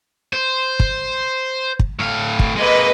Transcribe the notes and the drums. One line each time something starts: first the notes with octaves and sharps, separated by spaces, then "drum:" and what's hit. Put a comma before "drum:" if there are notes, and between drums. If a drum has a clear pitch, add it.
C5
drum: kick
drum: kick
A2 F5
drum: kick
G#3 A#3 B4 D#5